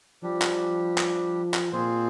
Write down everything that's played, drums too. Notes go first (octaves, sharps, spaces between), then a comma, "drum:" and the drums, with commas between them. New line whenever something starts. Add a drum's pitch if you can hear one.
F3 G3 D4 G4
drum: clap
drum: clap
drum: clap
A#2 C4 F4 G#4 C5